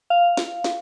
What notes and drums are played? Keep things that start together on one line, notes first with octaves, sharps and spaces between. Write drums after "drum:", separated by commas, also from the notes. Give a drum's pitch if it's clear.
F5
drum: snare
drum: snare